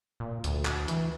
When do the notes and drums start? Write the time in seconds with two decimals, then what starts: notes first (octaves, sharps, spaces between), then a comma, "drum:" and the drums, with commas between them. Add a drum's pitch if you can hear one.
0.20 A#2
0.44 D2, drum: hi-hat
0.65 drum: clap
0.88 E3, drum: hi-hat